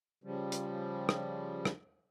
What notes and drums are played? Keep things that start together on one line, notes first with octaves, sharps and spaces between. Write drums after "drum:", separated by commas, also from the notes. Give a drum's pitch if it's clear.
C#3 F3 G3
drum: hi-hat
drum: rim click
drum: rim click